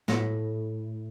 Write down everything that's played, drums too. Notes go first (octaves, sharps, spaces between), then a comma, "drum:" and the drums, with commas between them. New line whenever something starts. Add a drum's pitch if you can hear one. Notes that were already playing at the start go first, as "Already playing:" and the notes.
A2, drum: snare